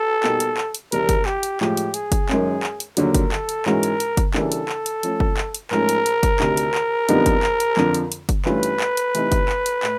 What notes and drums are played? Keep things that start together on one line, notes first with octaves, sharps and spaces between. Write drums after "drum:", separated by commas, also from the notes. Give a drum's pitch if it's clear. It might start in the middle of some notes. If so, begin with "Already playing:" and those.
Already playing: A4
B2 G3 A#3 D#4 G4, drum: clap
drum: hi-hat
drum: clap
drum: hi-hat
E2 C3 D#3 G3 A#4, drum: hi-hat
drum: kick F#1, hi-hat
G4, drum: clap
drum: hi-hat
A2 F3 G#3 G4, drum: clap
drum: hi-hat
G#4, drum: hi-hat
drum: kick F#1, hi-hat
F#2 D#3 G#3 C#4, drum: clap
drum: clap
drum: hi-hat
D#2 D3 F#3 A#4, drum: hi-hat
drum: kick F#1, hi-hat
A4, drum: clap
drum: hi-hat
G#2 E3 G#3 C#4 F#4 A#4, drum: clap
drum: hi-hat
drum: hi-hat
drum: kick F#1, hi-hat
C#3 E3 G3 A#3 D4 A4, drum: clap
drum: hi-hat
drum: clap
drum: hi-hat
F3 A3 C#4, drum: hi-hat
drum: kick F#1
drum: clap
drum: hi-hat
G#2 F3 A3 C#4 A#4, drum: clap
drum: hi-hat
drum: hi-hat
drum: kick F#1, hi-hat
D2 C3 D#3, drum: clap
drum: hi-hat
drum: clap
F2 D3 G3 B3 D#4, drum: hi-hat
drum: kick F#1, hi-hat
drum: clap
drum: hi-hat
F2 D3 F3, drum: clap
drum: hi-hat
drum: hi-hat
drum: kick F#1, hi-hat
G2 E3 A3 C#4 F4 B4, drum: clap
drum: hi-hat
drum: clap
drum: hi-hat
C3 E3 A3 C4 D#4, drum: hi-hat
drum: kick F#1, hi-hat
drum: clap
drum: hi-hat
A2, drum: clap